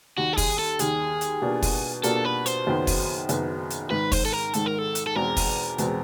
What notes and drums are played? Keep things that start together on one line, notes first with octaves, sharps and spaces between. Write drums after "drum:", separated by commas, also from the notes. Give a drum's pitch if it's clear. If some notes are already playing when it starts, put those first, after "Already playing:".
D#2 D#3 G3 F#4
A4
G#4, drum: kick, open hi-hat
A4
D#2 D#3 G3 G#4, drum: hi-hat
drum: hi-hat
B2 G3 A#3 D4 F4
drum: kick, open hi-hat
B2 G3 A#3 D4 F4 A4, drum: hi-hat
B4
C5, drum: hi-hat
F#1 F#2 D#3 F#3 B3
drum: kick, open hi-hat
F#1 F#2 D#3 F#3 B3, drum: hi-hat
drum: hi-hat
G#1 G#2 D#3 B4
C5, drum: kick, open hi-hat
A4
A#4
G#1 G#2 D#3 A4, drum: hi-hat
A#4
A4
drum: hi-hat
A4
E2 B2 G#3 C4 A#4
drum: kick, open hi-hat
E2 B2 G#3 C4, drum: hi-hat